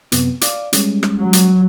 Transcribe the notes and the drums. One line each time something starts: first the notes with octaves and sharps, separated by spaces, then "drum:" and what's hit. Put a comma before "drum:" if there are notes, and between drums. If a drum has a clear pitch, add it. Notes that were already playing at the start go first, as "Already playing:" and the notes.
F#2 C3 B3, drum: hi-hat
D5 F5 D6, drum: hi-hat
G3 G#3 C#4, drum: hi-hat
drum: rim click
F#3
drum: hi-hat